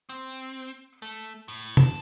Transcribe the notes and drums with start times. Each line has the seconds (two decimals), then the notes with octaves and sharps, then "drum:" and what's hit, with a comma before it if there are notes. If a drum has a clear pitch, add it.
0.09 C4
1.02 A3
1.48 A2
1.77 F2 A5, drum: tom